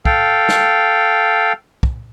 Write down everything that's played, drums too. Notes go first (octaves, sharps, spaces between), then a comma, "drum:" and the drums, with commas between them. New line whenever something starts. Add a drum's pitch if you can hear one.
A4 F5 G5, drum: kick
drum: snare
drum: kick